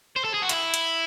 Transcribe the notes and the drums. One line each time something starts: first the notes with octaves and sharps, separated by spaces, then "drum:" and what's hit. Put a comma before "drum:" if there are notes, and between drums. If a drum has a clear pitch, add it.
C5
A4
G#4
F#4
E4, drum: hi-hat
drum: hi-hat